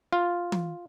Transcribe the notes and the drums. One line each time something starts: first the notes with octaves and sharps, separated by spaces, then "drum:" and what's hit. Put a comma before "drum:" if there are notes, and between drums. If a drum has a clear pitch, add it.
F4
drum: tom E3